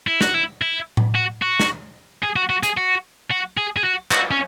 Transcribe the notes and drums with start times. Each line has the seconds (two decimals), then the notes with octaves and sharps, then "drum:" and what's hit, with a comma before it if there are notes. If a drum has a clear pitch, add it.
0.07 E4
0.21 F#4, drum: snare
0.34 E4
0.62 E4
0.97 drum: tom A2
1.15 F#4
1.42 F#4
1.60 drum: snare
2.23 G#4
2.36 F#4
2.50 F#4
2.63 G#4, drum: hi-hat
2.77 F#4
3.31 F#4
3.57 G#4
3.76 G#4
3.84 F#4
4.11 F#4, drum: clap
4.31 C#4